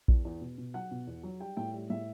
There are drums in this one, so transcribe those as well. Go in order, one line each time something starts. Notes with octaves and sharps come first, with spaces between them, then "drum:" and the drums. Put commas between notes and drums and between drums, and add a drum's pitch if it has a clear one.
E2, drum: kick A#1
E2
B2
B2
F#3 F#5
B2
E2
F#3
G3 G5
A2 G5
G3
A2 E5